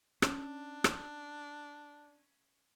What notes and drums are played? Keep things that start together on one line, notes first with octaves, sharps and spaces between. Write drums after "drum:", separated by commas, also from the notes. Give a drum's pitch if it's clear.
C#4 D4, drum: rim click
drum: rim click